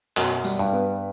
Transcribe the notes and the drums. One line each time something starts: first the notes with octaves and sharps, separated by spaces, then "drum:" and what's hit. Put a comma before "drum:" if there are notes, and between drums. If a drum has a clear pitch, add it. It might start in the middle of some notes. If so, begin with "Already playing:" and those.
F#2 B2, drum: clap
G3, drum: tambourine
G2
B3